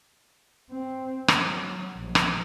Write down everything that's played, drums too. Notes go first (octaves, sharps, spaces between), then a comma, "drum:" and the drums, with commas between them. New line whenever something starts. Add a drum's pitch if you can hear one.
C4
F#3, drum: rim click
A#1
drum: rim click